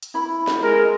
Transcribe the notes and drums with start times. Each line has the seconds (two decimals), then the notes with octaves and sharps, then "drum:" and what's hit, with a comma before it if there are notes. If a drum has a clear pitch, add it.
0.03 drum: hi-hat
0.14 E4 B5
0.47 drum: snare
0.62 G#3 A#4